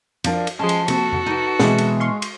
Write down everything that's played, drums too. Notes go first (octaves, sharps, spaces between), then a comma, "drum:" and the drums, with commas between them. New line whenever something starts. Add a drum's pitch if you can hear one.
F2 F3 D4 A#4, drum: cymbal
drum: cymbal
F3 G#3 C#4 G#4 A5 C6
drum: cymbal
C3 A#3 C4 F#4 A4, drum: cymbal
drum: tom F2
D#4 B4
B2 E3 G#3 C4, drum: snare
drum: cymbal
F5 C6 C#6
drum: cymbal